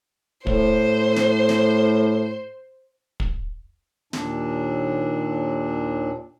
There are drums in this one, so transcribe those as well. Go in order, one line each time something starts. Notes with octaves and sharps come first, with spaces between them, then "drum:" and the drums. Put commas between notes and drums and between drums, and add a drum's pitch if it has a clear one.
A2 C5, drum: kick
drum: snare
drum: snare
drum: kick
D#2 A#2 D4, drum: snare